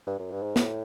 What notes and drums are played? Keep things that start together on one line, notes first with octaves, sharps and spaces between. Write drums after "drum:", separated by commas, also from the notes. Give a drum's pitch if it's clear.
G2
F#2
G2
G#2
A2, drum: snare